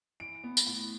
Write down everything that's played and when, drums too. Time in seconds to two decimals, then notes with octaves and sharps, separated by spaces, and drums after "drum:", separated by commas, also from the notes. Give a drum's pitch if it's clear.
0.20 E3 D7
0.44 B3
0.57 drum: tambourine
0.67 A2